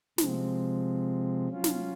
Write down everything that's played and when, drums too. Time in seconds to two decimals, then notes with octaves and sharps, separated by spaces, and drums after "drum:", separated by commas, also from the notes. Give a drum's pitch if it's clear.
0.18 C3 F3 G#3 C4, drum: snare
1.47 F#3 C#4 F4
1.64 drum: snare